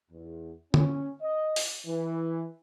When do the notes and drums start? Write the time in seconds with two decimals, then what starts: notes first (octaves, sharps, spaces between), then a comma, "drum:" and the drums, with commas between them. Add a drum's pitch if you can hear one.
0.11 E2
0.74 C#4, drum: tom D3
1.21 D#5
1.56 drum: open hi-hat
1.87 E3